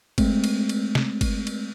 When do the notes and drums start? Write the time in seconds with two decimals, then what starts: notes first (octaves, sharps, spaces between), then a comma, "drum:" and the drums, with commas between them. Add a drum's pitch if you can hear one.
0.18 G#3 A3 C4, drum: kick G1, cymbal
0.44 drum: cymbal
0.69 drum: cymbal
0.95 drum: snare
1.21 drum: kick G1, cymbal
1.47 drum: cymbal